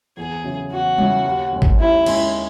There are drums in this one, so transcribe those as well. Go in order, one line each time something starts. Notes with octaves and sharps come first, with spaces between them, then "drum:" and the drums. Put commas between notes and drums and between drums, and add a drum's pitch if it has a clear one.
E2 G#4
C#3 F#3 C#4 E4
E2 F#4
C#3 F#3 C#4 E4, drum: tom G3
D#2
D#3 G#3 C#4
drum: kick G#1
D#2 E4
D#3 G#3 C#4, drum: cymbal